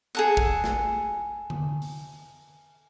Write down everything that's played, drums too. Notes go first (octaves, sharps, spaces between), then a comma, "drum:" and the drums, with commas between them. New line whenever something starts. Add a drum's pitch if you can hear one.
G#4 A4 F#5
drum: kick
drum: snare
drum: tom D3
drum: open hi-hat